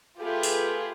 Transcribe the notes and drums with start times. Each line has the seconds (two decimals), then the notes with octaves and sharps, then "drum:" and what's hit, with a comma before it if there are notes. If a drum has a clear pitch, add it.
0.20 A3 F4 G4 G#4 B4
0.43 drum: open hi-hat